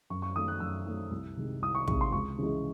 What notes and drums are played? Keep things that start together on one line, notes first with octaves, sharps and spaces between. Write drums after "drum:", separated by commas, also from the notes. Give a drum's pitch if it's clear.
F#2 C#6
C#6
D#3 F#3 A3 D#6
F#6
F#2 E6
D#3 F#3 A3
C2
C3 D#3 G#3
C2 D#6
C#6
C3 D#3 G#3 C#6, drum: kick
C6
C#2 C#6
C#3 E3 G#3